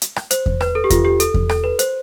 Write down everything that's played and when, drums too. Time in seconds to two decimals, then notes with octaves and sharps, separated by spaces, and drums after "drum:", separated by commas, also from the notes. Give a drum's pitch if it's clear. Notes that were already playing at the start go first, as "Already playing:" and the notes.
0.02 drum: hi-hat
0.16 drum: rim click
0.31 C5, drum: hi-hat
0.46 drum: kick E2
0.61 B4, drum: rim click
0.75 A4
0.84 G4
0.90 F4, drum: kick E2, hi-hat
1.05 G4
1.20 A4, drum: hi-hat
1.34 drum: kick E2
1.49 A4, drum: rim click
1.64 B4
1.79 C5, drum: hi-hat